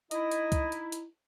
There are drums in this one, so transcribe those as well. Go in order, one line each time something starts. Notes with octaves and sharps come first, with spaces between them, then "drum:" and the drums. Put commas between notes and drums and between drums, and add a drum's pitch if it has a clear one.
D#4 E4 D#5, drum: hi-hat
drum: hi-hat
drum: kick C2, hi-hat
drum: hi-hat
drum: hi-hat